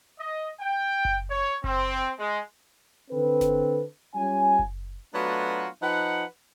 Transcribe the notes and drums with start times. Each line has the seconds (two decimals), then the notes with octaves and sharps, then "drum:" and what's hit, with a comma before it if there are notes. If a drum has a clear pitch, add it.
0.19 D#5
0.61 G5
1.05 drum: kick F#1
1.30 C#5
1.64 C4, drum: kick F#1
2.19 G#3
3.11 D3 C4 A4 B4
3.41 drum: snare G1
4.15 G3 C#4 F4 G#5
4.59 drum: kick F#1
5.14 F#3 A3 B3 D4 F4 F#4
5.82 F3 D#4 B4 F#5